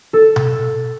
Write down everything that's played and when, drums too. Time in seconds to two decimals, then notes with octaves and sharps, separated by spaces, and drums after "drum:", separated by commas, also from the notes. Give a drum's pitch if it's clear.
0.13 A4
0.36 drum: tom B2